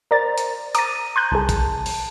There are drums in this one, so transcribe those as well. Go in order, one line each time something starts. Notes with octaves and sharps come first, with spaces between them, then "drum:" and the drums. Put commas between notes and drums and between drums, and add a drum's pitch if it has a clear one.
A#4 C5 D5 A#5 A6
drum: hi-hat
A#5 D6 A6 D#7, drum: hi-hat
C6 F#6 G6
C2 G#4 A5
drum: kick, hi-hat
drum: open hi-hat